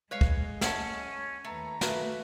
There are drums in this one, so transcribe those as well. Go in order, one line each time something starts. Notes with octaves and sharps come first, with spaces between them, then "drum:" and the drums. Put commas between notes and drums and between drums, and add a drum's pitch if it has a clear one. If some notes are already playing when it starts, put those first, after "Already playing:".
G#3 B4 C#5 D#5 F5
drum: kick
C#4 E5 F#5 A5, drum: snare
D#2 A3 B4 A#5
A3 A#3 F#4 B4 E5, drum: snare